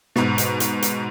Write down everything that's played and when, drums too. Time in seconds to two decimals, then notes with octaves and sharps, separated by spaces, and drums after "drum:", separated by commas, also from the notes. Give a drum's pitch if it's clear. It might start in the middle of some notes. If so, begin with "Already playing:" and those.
0.16 G#2 B2, drum: snare
0.38 drum: hi-hat
0.60 drum: hi-hat
0.82 drum: hi-hat